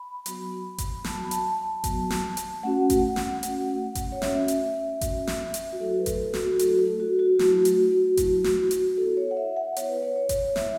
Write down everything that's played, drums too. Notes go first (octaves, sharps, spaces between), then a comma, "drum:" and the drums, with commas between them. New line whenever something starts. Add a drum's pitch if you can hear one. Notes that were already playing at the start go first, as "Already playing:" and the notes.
Already playing: B5
F#3 B3 F#4, drum: hi-hat
drum: kick G#1, hi-hat
F#3 B3 F#4 A5, drum: snare
B5
A5, drum: hi-hat
A5
F#3 B3 F#4, drum: kick G#1, hi-hat
drum: snare
drum: hi-hat
A3 C#4 F#4 F#5
drum: kick G#1, hi-hat
drum: snare
A3 C#4 F#4, drum: hi-hat
drum: kick G#1, hi-hat
C#5
A3 C#4 F#4 E5, drum: snare
drum: hi-hat
A3 C#4 F#4, drum: kick G#1, hi-hat
drum: snare
drum: hi-hat
F#4
F#3 A3 E4 A4
B4
A4, drum: kick G#1, hi-hat
F#4, drum: snare
F#4
F#3 A3 E4 A4, drum: hi-hat
A4
F#4
F#4
F#3 A3 E4, drum: snare
drum: hi-hat
F#3 A3 E4, drum: kick G#1, hi-hat
drum: snare
drum: hi-hat
B3 E4 A4
C#5
F#5
E5
F#5
B3 E4 C#5, drum: hi-hat
B4
C#5
C#5
drum: kick G#1, hi-hat
B3 E4 E5, drum: snare